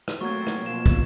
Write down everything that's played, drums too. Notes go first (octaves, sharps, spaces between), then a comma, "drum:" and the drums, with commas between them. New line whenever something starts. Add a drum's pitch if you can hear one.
drum: rim click
F#3 A3 A#3 C4 C#6 G#6
drum: rim click
B2 F3 E7
drum: kick